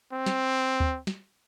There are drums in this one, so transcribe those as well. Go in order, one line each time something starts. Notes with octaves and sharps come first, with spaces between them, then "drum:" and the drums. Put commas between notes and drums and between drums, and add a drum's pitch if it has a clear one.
C4
drum: snare
drum: kick D2
drum: snare